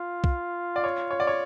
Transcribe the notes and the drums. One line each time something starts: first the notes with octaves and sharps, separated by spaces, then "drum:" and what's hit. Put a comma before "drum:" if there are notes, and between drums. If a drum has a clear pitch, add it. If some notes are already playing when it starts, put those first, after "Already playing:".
Already playing: F4
drum: kick B1
D5
C#5
C#5
D5
C#5